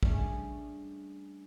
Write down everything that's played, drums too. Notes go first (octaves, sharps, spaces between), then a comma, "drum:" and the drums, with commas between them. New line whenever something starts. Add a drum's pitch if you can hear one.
G3 A3 C#4 D4 G#4, drum: kick